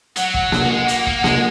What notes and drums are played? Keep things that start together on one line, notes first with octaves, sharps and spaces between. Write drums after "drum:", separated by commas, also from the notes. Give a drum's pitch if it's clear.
F#3 F#5, drum: hi-hat
drum: kick
drum: snare A#3
A#3
G#3
A#3, drum: hi-hat
A#3, drum: kick
G#3, drum: snare A#3